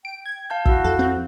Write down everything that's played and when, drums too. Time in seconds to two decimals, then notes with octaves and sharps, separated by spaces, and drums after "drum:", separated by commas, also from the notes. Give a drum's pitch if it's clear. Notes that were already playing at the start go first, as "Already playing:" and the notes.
0.05 G5 D7
0.26 G#6
0.50 F5 A5 G6
0.65 E4 F#4 F5 E6, drum: kick
0.84 F2 A4
0.99 C4